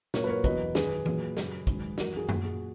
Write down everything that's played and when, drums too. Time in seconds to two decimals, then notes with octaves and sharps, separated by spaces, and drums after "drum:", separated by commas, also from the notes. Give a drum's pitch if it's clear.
0.14 A#2 F#3 A#4 C#5, drum: snare
0.24 B4
0.29 A#4 C#5
0.44 E2 B2 F#3 B4 D#5, drum: kick, hi-hat
0.75 F#2 D#3 F#3 G#4 B4, drum: snare
1.06 A#2 F#3, drum: tom E3
1.37 F#2 C#3 F#3, drum: snare
1.67 G#2 D#3 F#3, drum: kick, hi-hat
1.98 F#2 E3 F#4 A#4, drum: snare
2.17 G#4
2.29 A#2 F#3 F#4, drum: tom F#2
2.45 G#4